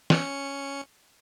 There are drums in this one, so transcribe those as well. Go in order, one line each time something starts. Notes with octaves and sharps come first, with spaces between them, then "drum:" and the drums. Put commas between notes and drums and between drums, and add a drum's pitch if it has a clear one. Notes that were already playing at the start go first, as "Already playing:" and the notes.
C#4 C#7, drum: snare